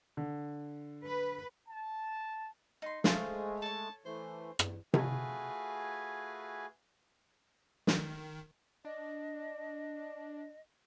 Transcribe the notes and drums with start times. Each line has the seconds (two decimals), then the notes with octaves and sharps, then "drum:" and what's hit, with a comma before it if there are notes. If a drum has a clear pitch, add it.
0.17 D3
1.04 B4
1.68 A5
2.82 D#4 C6
3.04 G#3 A3 G#4 C5 F5 A5, drum: snare
3.62 A4 C#5 A5
4.06 E3 A3 C5
4.59 drum: rim click
4.94 A3 F4 F#4 G#4 B4 G#5, drum: tom C3
7.87 D#3, drum: snare
8.85 D4 D#5